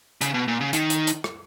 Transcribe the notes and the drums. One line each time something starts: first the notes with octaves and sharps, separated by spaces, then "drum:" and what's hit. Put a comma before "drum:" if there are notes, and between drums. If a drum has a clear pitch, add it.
C#3, drum: hi-hat
B2
A#2
C#3
D#3, drum: hi-hat
drum: hi-hat
drum: hi-hat
drum: rim click